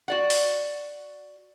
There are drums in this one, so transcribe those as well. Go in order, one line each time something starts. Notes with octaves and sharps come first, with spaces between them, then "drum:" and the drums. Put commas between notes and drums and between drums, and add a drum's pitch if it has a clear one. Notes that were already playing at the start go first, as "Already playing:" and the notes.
F#4 D5 F#5
drum: open hi-hat